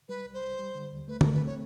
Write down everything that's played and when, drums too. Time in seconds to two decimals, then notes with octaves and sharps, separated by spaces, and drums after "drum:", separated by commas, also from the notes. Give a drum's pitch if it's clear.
0.09 G3 B4
0.26 C2
0.34 C5
0.42 C2
0.59 G3
0.75 D3
0.92 D#2
1.08 A3 B4
1.21 A3 A#4, drum: tom
1.33 B4
1.41 C4
1.46 C#5